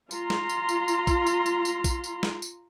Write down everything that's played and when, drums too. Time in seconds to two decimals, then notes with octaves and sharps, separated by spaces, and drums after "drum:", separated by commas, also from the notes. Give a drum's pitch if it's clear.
0.11 F4 A#5 C6, drum: tambourine
0.30 drum: snare
0.49 drum: tambourine
0.69 drum: tambourine
0.88 drum: tambourine
1.07 drum: kick, tambourine
1.27 drum: tambourine
1.46 drum: tambourine
1.65 drum: tambourine
1.84 drum: kick, tambourine
2.04 drum: tambourine
2.23 drum: snare
2.42 drum: tambourine